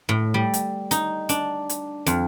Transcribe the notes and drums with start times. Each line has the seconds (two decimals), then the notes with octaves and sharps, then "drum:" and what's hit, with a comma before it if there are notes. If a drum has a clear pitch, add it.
0.09 A2
0.34 G3
0.54 drum: hi-hat
0.91 D#4, drum: hi-hat
1.29 D4, drum: hi-hat
1.69 drum: hi-hat
2.06 F2, drum: hi-hat